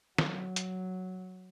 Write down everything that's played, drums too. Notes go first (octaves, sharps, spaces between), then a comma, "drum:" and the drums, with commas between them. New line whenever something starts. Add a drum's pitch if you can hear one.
F#3, drum: snare
drum: hi-hat